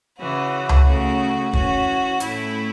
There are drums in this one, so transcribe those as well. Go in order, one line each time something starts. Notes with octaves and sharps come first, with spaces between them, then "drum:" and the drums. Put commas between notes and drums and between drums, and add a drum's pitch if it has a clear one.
C#3 E3 C#4 F#4
drum: tom C#2
C#3 A3 C#4 F#4
E3 C#4 F#4, drum: kick
A2 A3 C#4 E4, drum: hi-hat